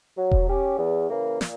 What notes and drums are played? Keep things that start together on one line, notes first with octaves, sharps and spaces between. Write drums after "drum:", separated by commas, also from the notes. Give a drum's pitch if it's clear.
F#3
drum: kick E1
C#4 G4
E2
C#3 E3 A#3
A#2, drum: snare